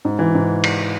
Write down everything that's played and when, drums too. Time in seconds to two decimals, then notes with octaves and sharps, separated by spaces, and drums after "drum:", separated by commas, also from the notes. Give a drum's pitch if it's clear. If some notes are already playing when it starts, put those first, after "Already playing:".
0.05 G#2
0.19 E3
0.35 G#2
0.64 drum: cymbal